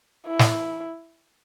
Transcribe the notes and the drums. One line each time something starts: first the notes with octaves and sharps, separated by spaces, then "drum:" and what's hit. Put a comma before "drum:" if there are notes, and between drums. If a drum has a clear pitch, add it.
E4
drum: snare